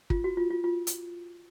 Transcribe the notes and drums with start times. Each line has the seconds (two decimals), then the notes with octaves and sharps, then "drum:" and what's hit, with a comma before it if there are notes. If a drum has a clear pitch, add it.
0.10 F4, drum: kick
0.24 F#4
0.37 F4
0.50 F4
0.64 F4
0.87 drum: hi-hat